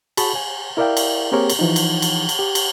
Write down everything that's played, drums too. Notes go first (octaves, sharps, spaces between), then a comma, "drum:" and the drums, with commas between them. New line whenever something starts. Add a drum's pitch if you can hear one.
F#4 G#4 A5 B5 C#6, drum: cymbal
G#5
E4 A#4 D5 E5 F5 G5
drum: cymbal
A#3 C4 G4 G#4 A#4 C#5
drum: cymbal
E3 F3 D#4
drum: cymbal
drum: cymbal
drum: cymbal
G4
drum: cymbal